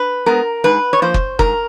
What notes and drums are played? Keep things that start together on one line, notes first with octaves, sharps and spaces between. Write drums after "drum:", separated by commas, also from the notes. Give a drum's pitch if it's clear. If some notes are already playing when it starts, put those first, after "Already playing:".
Already playing: B4
G#3 B3 A#4
G#2 B4
C#5
F3 A#3 C5
drum: kick F#1
G#2 A#4, drum: kick F#1